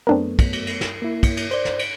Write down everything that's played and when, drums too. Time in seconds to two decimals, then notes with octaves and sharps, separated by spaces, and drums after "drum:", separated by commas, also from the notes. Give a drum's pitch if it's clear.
0.07 F#2 A3 B3 C4 D4 A#4
0.39 drum: kick, cymbal
0.53 drum: cymbal
0.67 drum: cymbal
0.81 drum: snare
1.02 A#3 E4
1.23 drum: kick, cymbal
1.37 drum: cymbal
1.51 C5 D5, drum: cymbal
1.65 drum: snare
1.79 drum: cymbal